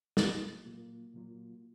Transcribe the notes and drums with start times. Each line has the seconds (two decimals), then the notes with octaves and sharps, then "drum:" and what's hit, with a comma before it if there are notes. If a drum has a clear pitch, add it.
0.17 A#2 F#3 A#3 F4, drum: snare
0.66 A#2 F#3 A#3 F4
1.14 A#2 F#3 A#3 F4